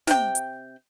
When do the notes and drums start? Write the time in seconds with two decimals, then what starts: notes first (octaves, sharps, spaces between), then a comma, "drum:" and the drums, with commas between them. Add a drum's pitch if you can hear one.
0.07 C3 G5, drum: snare
0.35 drum: hi-hat